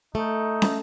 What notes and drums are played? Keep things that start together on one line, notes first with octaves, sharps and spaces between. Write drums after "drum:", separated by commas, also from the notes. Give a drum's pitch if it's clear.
A3 D#4
drum: snare